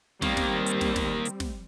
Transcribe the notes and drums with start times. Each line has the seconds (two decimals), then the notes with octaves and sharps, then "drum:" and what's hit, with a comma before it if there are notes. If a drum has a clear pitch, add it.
0.22 D#3 G3 A#3 C4, drum: snare
0.37 drum: snare
0.66 drum: hi-hat
0.81 drum: snare
0.96 drum: snare
1.25 drum: hi-hat
1.40 drum: snare